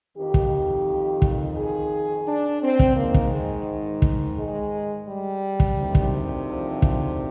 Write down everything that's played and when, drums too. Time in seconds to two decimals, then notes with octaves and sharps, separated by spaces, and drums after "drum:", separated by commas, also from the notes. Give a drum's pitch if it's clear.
0.16 F2 D#3 G4
0.34 drum: kick
1.22 drum: kick
1.57 G#4
2.27 D4
2.62 C4
2.79 drum: kick
2.96 G#2 D#3 A#3
3.14 drum: kick
3.33 G#3
4.02 drum: kick
4.37 G#3
5.08 G3
5.60 drum: kick
5.77 D2 C3 D#3
5.95 drum: kick
6.47 F3
6.82 drum: kick